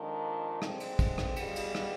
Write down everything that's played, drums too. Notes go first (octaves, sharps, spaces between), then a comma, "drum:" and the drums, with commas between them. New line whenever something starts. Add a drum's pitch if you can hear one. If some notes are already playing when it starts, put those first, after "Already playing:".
Already playing: F2 D#3 G#3 D4 F4
G2 D3 G#3 C4, drum: rim click
drum: cymbal
drum: kick, cymbal
drum: rim click
B2 G3 B3 F4 G#4, drum: cymbal
drum: cymbal
drum: rim click